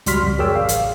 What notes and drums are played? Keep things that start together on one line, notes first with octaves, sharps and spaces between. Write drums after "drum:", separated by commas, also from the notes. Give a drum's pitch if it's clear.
C#2 G3 F#4 C6 F6 B6, drum: hi-hat
F2
G#4 A#4 C#5 D5 G5 E6
A1 F5
drum: hi-hat